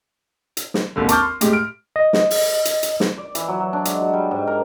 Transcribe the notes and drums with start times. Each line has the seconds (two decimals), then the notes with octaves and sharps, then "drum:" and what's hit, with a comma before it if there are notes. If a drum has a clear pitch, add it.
0.57 drum: hi-hat
0.74 drum: snare
0.96 G#1 D#2 D3
1.09 A5 C#6 D6 F6 G6, drum: hi-hat
1.22 C6
1.41 A2 G#3 G4, drum: hi-hat
1.53 F6 D7
1.96 D#5
2.13 drum: snare
2.31 drum: open hi-hat
2.65 drum: hi-hat
2.83 drum: hi-hat
3.00 drum: snare
3.18 D5
3.35 E3, drum: hi-hat
3.48 F#3
3.60 F#3
3.73 D4
3.85 G#3, drum: hi-hat
4.01 F#3
4.13 G3
4.31 G#2
4.47 A#4